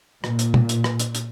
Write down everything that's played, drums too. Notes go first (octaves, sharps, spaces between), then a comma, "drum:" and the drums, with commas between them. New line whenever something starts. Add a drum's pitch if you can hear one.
A#2, drum: rim click
drum: hi-hat
drum: tom
drum: hi-hat
drum: rim click
drum: hi-hat
drum: hi-hat